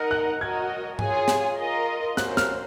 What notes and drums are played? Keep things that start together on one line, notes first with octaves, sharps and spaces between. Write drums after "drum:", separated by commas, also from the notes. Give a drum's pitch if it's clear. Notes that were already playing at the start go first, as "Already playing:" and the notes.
Already playing: D#4 A#4 D#5 F#5 F6
F#6
F#4 A#4 D#5 G#6
F4 G#4 C#5 G#5, drum: tom G#2
drum: snare
F4 A#4 D#5
A#3 C#4 F#4 C5 F#6, drum: snare
F6, drum: snare